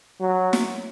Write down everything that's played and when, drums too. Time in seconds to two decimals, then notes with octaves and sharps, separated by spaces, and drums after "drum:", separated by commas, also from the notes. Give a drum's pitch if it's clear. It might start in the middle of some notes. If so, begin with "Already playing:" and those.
0.21 F#3
0.53 drum: snare